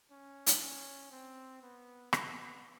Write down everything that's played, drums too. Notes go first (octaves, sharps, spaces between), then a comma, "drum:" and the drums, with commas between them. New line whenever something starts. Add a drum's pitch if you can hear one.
C#4
drum: hi-hat
C#4
C4
B3
B3, drum: rim click